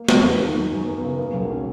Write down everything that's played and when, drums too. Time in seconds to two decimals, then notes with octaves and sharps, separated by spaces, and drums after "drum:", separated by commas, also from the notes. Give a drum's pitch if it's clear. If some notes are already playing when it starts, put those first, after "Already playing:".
Already playing: A#3
0.09 E2, drum: snare
0.24 D#4
0.40 D#3
0.56 F#3
0.71 F#2
0.87 B3
1.03 C#3
1.18 A#3
1.33 B1
1.50 C#4